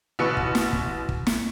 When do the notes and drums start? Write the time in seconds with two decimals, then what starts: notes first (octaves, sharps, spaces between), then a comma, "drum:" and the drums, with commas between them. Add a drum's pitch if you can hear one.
0.19 A1 B2 B4 C#6 E6 C#7
0.37 drum: kick
0.55 drum: snare
0.73 drum: kick
1.09 drum: kick
1.27 drum: snare